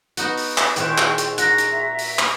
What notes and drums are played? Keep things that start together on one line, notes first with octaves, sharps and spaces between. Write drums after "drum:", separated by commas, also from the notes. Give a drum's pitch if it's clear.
B3 D#4 F#4, drum: hi-hat
drum: open hi-hat
drum: clap
A#2 D#3 G#3 E4 C5 G5 C#6, drum: hi-hat
drum: clap
drum: hi-hat
F#4 A#5 F#6 A#6, drum: hi-hat
drum: hi-hat
E5 A#5
drum: open hi-hat
drum: clap